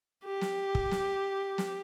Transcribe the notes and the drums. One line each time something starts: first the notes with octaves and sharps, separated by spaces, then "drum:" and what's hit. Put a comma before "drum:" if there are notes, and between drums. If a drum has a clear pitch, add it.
G4
drum: snare
drum: kick
drum: snare
drum: snare